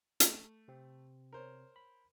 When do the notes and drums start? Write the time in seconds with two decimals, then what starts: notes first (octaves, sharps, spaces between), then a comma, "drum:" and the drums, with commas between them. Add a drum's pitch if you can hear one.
0.20 A3, drum: hi-hat
0.68 C3 C4
1.33 A#4 C5 C#5
1.76 B5